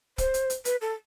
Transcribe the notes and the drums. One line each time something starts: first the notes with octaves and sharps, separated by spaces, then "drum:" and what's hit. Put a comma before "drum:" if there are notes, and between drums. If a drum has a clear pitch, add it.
C5, drum: kick, hi-hat
drum: hi-hat
drum: hi-hat
B4, drum: hi-hat
A4